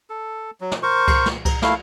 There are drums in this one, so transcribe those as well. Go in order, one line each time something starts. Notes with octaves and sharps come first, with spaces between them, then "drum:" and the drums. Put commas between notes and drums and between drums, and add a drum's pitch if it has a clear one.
A4
F#3
drum: snare
A#4 C5 C#6
drum: kick C2, cymbal
drum: snare
A#5, drum: kick C2, cymbal
A3 E4 F5, drum: snare